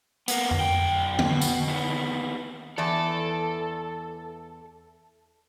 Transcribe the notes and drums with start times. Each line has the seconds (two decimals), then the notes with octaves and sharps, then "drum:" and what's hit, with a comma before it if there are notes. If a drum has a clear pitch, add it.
0.28 A#3 B3, drum: hi-hat
0.51 drum: tom F2
0.61 B1 G5
1.19 drum: tom
1.29 B2
1.41 drum: tambourine
1.68 D#2 B3
2.78 E2 E3 A4 D5